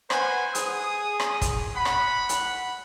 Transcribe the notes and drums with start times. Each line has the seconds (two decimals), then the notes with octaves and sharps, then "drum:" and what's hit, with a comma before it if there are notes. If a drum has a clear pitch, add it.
0.10 B4 C5 F#5 G#5, drum: rim click
0.55 G#4 D#6, drum: hi-hat
1.20 drum: rim click
1.41 drum: kick, hi-hat
1.75 F#5 B5
1.85 drum: rim click
2.29 drum: hi-hat